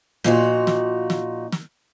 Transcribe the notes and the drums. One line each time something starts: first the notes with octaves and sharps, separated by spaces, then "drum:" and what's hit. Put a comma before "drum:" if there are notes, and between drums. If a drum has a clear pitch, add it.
A#2 F3 D#4 F#4, drum: snare
drum: snare
drum: snare
drum: snare